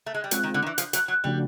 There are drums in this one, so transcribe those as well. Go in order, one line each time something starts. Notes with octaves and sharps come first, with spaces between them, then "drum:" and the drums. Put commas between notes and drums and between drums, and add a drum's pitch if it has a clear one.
A3
G#3
G3
F#3 G#3 C4 F4, drum: hi-hat
D#3
D3
D#3
E3
F3, drum: hi-hat
F#3, drum: hi-hat
F#3
C#3 F3 G3 A3 D4 F#4